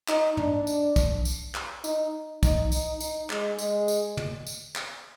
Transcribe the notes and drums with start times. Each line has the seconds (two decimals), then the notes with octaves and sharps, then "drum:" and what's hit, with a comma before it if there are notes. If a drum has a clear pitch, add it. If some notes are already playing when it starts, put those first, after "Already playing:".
0.08 D#4, drum: clap
0.37 D4, drum: tom
0.67 drum: tambourine
0.96 drum: kick, tambourine
1.25 drum: tambourine
1.55 drum: clap
1.84 D#4, drum: tambourine
2.43 D#4, drum: kick, tambourine
2.72 D#4, drum: tambourine
3.00 D#4, drum: tambourine
3.30 G#3, drum: clap
3.59 G#3, drum: tambourine
3.88 drum: tambourine
4.17 drum: tom
4.47 drum: tambourine
4.76 drum: clap